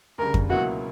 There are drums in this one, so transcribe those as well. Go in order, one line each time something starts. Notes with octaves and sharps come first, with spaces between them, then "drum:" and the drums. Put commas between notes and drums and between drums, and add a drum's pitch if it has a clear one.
D2 C#3 G3 A#4
drum: kick F2
C#2 B2 F#3 A#3 E4 F#4